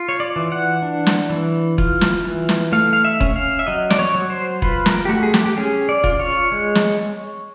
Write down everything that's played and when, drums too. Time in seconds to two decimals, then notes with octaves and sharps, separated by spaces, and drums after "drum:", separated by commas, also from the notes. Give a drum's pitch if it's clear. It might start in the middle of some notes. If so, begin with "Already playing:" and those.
Already playing: F4
0.09 C#5
0.20 D5
0.36 E3
0.52 F#5
0.82 D4
1.06 drum: snare
1.30 E3
1.78 F4, drum: kick E1
2.01 drum: snare
2.24 E3
2.49 drum: snare
2.72 A3 F5
2.93 F5
3.05 E5
3.20 C#4, drum: kick E1
3.36 F5
3.59 E5
3.67 F#3 D#5
3.90 D5, drum: snare
3.99 C#5
4.15 F#3
4.30 C5
4.62 F4 B4, drum: kick E1
4.86 A#4, drum: snare
5.05 G4
5.09 A3 F#4
5.23 G#4
5.34 G4, drum: snare
5.45 G4
5.57 C#4 G#4
5.89 D5
6.04 F4, drum: kick E1
6.20 C#5
6.52 G#3
6.75 drum: snare